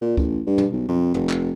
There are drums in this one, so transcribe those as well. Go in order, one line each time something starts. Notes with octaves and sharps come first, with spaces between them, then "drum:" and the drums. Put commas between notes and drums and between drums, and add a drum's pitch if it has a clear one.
A#2
A1, drum: kick
G2
drum: tom
B1
F2
F1, drum: tom
drum: clap